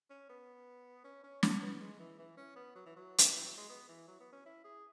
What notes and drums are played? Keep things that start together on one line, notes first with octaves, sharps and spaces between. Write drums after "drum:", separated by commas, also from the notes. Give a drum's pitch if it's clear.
C#4
B3
C#4
C#4
C#4, drum: snare
B3
G#3
E3
E3
C#4
B3
F#3
E3
F#3
drum: hi-hat
E3
F#3
G#3
B3
E3
F#3
B3
C#4
E4
G#4